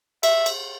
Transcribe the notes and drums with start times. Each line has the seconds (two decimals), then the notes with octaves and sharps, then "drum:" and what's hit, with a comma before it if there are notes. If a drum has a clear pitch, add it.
0.23 E5, drum: cymbal
0.46 drum: cymbal